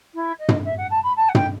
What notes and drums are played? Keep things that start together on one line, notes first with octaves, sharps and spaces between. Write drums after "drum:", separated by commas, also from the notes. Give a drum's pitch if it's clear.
E4
D#5
drum: tom
E5
F#5
A5
B5
A5
F#5
G5, drum: tom